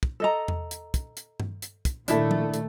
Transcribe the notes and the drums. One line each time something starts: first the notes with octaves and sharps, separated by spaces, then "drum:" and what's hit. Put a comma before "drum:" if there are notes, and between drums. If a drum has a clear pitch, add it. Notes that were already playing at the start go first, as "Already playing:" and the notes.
drum: kick
A4 D#5 A#5
drum: tom E2
drum: hi-hat
drum: kick, hi-hat
drum: hi-hat
drum: tom G2
drum: hi-hat
drum: kick, hi-hat
A#2 D#3 A3 D4 E4 A4, drum: hi-hat
drum: tom F3
drum: hi-hat